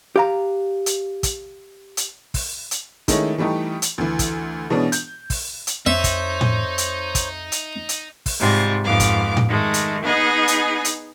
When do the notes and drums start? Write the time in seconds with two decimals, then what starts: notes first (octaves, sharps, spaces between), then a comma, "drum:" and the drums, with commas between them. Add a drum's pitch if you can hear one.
0.16 G4 F5 A#5
0.86 drum: hi-hat
1.23 drum: kick, hi-hat
1.97 drum: hi-hat
2.34 drum: kick, open hi-hat
2.71 drum: hi-hat
3.08 D#3 G#3 A3 C#4 E4, drum: kick, hi-hat
3.38 E3 G3 A3 D#4 G4
3.82 drum: hi-hat
3.98 D2 E3
4.19 drum: kick, hi-hat
4.70 B2 E3 G#3 B3 C#4 D4
4.92 G6, drum: hi-hat
5.30 drum: kick, open hi-hat
5.67 drum: hi-hat
5.86 F2 D#4 C5 C#5 E5
6.04 drum: kick, hi-hat
6.41 drum: tom A2
6.78 drum: hi-hat
7.15 drum: kick, hi-hat
7.52 drum: hi-hat
7.89 drum: hi-hat
8.26 drum: kick, open hi-hat
8.39 G#2 C3 G3 F4
8.84 F2 G#2 B3 F5 D6
9.00 drum: kick, hi-hat
9.37 drum: tom A2
9.48 D#3 G#3 A3
9.74 drum: hi-hat
10.04 B3 D#4 G#4 D#5
10.48 drum: hi-hat
10.85 drum: hi-hat